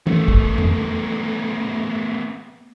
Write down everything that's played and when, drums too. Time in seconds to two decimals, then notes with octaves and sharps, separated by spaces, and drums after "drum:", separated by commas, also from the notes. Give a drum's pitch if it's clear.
0.07 A3 B3, drum: tom
0.28 drum: kick
0.58 drum: tom